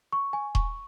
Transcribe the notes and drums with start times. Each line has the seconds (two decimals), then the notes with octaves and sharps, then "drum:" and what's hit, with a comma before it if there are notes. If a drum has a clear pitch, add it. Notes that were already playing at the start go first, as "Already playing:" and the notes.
0.12 C#6
0.33 G#5
0.55 C#6, drum: kick D#1